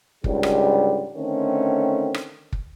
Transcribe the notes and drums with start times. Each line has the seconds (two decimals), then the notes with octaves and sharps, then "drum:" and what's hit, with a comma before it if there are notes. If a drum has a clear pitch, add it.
0.24 C#2 G#2 D3 G3, drum: kick
0.43 drum: rim click
1.16 D3 D#3 A3 C4 C#4
2.14 drum: rim click
2.53 drum: kick